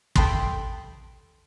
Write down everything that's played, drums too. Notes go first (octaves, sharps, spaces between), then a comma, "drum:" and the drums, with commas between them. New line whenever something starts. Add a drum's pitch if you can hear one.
A4 G5 A5 B5 C6 D#6, drum: kick